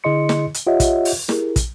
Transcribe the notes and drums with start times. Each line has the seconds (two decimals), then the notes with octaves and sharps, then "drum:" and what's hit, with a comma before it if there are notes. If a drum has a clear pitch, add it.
0.04 D3 E4 G#4 D#5 C6 C#7
0.29 drum: snare
0.54 drum: hi-hat
0.67 F4 G4 C#5 D#5 E5 F#5
0.80 drum: kick, hi-hat
1.05 drum: open hi-hat
1.29 E4 G4 G#4 A#4, drum: snare
1.56 drum: kick, hi-hat